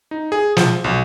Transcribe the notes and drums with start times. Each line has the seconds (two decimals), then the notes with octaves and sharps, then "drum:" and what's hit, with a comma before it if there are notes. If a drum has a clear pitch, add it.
0.11 D#4
0.32 G#4
0.57 F3, drum: snare
0.84 B1